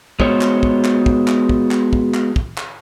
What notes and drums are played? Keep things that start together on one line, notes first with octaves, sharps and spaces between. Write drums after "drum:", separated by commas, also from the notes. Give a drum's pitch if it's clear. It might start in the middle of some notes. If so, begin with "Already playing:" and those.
G#3 B3 F4 F#4 C5 C#5, drum: kick
drum: clap
drum: kick
drum: clap
drum: kick
drum: clap
drum: kick
drum: clap
drum: kick
drum: clap
drum: kick
drum: clap